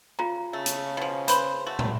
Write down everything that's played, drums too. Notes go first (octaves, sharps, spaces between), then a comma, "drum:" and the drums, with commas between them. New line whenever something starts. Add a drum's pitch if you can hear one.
C#3 F4 A#5
C#3 A3
drum: hi-hat
B2 F3
B4 C5 B5, drum: hi-hat
A3 F#4
drum: tom